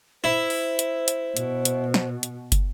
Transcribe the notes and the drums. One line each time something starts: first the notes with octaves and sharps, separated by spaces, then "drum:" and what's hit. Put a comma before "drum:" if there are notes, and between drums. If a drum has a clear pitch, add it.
E4 C5
drum: open hi-hat
drum: hi-hat
drum: hi-hat
B2, drum: hi-hat
drum: hi-hat
drum: snare
drum: hi-hat
drum: kick, hi-hat